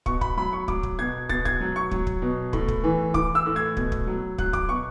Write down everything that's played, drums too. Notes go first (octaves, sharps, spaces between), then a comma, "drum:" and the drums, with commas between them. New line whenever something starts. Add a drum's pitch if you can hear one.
B2 C#6, drum: kick
B5, drum: kick
F#3 B5
C#6
F#3 D6, drum: kick
drum: kick
B2 G#6
B2 A6, drum: kick
G#6, drum: kick
F#3
C#6
F#3, drum: kick
drum: kick
B2
A2, drum: kick
drum: kick
E3
E3 D6, drum: kick
E6
A2
G#6
B2, drum: kick
drum: kick
F#3
F#3 F#6, drum: kick
D6, drum: kick
B2 C#6